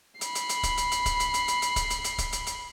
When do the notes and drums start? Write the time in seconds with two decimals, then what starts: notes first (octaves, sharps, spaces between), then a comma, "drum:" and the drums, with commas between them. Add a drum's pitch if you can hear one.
0.21 B5 C7, drum: hi-hat
0.35 drum: hi-hat
0.49 drum: hi-hat
0.63 drum: kick, hi-hat
0.77 drum: hi-hat
0.91 drum: hi-hat
1.06 drum: kick, hi-hat
1.20 drum: hi-hat
1.34 drum: hi-hat
1.48 drum: hi-hat
1.62 drum: hi-hat
1.76 drum: kick, hi-hat
1.90 drum: hi-hat
2.04 drum: hi-hat
2.18 drum: kick, hi-hat
2.32 drum: hi-hat
2.47 drum: hi-hat